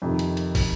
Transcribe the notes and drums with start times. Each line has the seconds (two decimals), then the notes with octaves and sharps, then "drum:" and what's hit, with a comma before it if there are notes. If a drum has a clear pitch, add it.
0.02 F2 C3 D#3
0.19 drum: hi-hat
0.37 drum: hi-hat
0.55 drum: kick, open hi-hat